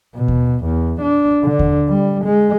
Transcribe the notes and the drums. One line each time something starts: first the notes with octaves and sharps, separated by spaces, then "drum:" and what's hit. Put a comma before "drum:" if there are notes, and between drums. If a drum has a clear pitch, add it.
B2
drum: kick D#2
E2
D4
D3
drum: kick D#2
G3
G#3